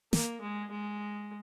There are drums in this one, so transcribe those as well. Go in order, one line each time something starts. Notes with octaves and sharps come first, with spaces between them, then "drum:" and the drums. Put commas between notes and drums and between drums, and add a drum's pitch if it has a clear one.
A#3, drum: snare
G#3
G#3